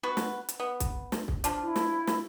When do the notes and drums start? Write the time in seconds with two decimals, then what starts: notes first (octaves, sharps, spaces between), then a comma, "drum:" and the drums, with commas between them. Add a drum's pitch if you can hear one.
0.03 B3 F#4 B4
0.17 drum: snare
0.49 drum: hi-hat
0.60 B3
0.80 drum: kick, hi-hat
1.12 drum: snare
1.28 drum: kick
1.44 F3 D4 F4, drum: hi-hat
1.63 E4
1.76 drum: snare
2.07 drum: snare